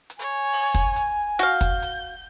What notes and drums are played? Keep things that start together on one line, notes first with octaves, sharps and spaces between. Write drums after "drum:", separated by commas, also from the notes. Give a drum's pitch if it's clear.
drum: hi-hat
C#5 G#5
drum: open hi-hat
drum: kick, hi-hat
drum: hi-hat
F#4 F5 G6
drum: kick, hi-hat
drum: hi-hat